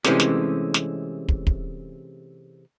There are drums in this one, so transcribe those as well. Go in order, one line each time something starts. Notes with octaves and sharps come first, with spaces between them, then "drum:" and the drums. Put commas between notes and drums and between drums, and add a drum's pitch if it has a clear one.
C3 E3 G#3 A3 C#4 G4, drum: snare
drum: snare
drum: snare
drum: kick
drum: kick